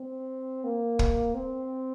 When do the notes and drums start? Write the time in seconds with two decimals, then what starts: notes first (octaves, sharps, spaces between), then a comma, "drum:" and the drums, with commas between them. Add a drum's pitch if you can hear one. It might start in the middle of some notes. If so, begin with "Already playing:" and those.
Already playing: C4
0.64 A#3
0.99 drum: kick
1.35 C4